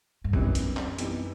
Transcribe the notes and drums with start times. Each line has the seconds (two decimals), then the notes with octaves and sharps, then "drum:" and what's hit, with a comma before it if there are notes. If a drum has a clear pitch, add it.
0.24 G2
0.33 F#2 C3 E3 G3 B3 D#4, drum: kick A#1
0.55 drum: hi-hat
0.77 drum: clap
0.99 C3 E3 G3 B3 D#4, drum: hi-hat